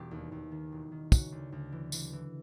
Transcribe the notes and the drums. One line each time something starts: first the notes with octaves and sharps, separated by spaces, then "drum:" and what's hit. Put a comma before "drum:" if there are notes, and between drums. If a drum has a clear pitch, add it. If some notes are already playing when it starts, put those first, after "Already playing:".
Already playing: E1 G4
D#2
D#2
D#3
E1
D#3
C#3 F#4, drum: kick, tambourine
D2
D2
E3
E3, drum: tambourine
E3